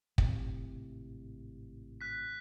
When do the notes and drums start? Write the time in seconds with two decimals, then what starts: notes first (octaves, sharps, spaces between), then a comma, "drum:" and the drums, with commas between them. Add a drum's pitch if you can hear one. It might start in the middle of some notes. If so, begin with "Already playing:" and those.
0.18 G#1 A2 C3, drum: kick
2.01 F#6 B6